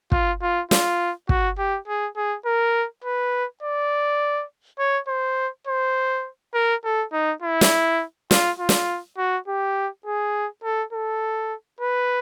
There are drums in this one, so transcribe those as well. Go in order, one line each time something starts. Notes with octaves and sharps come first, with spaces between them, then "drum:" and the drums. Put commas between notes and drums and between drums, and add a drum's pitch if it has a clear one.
F4, drum: kick
F4
F4, drum: snare
F#4, drum: kick
G4
G#4
G#4
A#4
B4
D5
C#5
C5
C5
A#4
A4
D#4
E4
drum: snare
F4, drum: snare
F4
drum: snare
F#4
G4
G#4
A4
A4
B4